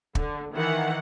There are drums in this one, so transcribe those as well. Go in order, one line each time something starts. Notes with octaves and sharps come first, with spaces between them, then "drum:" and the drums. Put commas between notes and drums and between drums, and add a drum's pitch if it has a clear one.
D3, drum: kick
D#3 E3 F#5